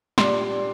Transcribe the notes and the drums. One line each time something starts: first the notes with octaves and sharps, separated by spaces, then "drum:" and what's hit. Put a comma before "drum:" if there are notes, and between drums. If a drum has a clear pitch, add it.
A#2 G3 D4 C6, drum: snare